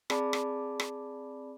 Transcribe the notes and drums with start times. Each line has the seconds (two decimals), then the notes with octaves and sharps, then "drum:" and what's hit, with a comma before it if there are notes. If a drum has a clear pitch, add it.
0.10 C4 G#4 D5 A5 B5 D6, drum: rim click
0.33 drum: rim click
0.80 drum: rim click